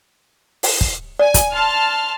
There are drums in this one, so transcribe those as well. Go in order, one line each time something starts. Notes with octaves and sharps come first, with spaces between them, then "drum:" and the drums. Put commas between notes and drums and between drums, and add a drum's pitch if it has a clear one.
drum: open hi-hat
drum: kick
D5 G#5
drum: kick, hi-hat
A5 C6 F6